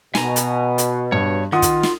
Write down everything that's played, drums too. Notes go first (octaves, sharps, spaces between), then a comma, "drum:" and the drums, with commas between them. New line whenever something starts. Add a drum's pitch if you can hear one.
B2 G#5 A#5, drum: snare
drum: hi-hat
drum: hi-hat
G2 C#5
D#3 F4 F#5 D#6
drum: kick, hi-hat
drum: snare